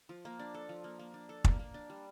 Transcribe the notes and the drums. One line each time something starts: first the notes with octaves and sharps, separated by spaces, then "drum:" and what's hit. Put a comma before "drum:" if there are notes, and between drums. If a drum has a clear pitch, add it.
F3
A#3
D4
A4
F3
A#3
A#3
D4
A4
A#3, drum: kick
A#3
D4
G3